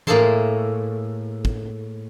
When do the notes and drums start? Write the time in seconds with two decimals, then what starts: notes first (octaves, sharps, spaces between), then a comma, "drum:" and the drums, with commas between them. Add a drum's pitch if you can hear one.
0.07 A2 A#3 G#4 A4 A5 C6, drum: tom E3
1.45 drum: kick